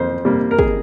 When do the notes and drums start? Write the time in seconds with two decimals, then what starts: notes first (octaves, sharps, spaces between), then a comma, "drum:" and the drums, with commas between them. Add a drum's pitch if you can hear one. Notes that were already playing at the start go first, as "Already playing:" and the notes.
Already playing: F2 A#3 C5
0.25 C3 G3 A#3
0.51 A#4
0.59 G#4, drum: kick